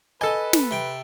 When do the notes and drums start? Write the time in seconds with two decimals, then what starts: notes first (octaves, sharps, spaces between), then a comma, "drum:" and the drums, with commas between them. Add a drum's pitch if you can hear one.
0.21 A4 B4 D#5 G#5
0.53 drum: snare
0.71 C3 G5